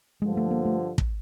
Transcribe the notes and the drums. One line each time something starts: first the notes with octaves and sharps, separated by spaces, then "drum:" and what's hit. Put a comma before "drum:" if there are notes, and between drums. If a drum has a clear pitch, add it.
G2 D3 F3 G#3
A3
A#3
A3
drum: kick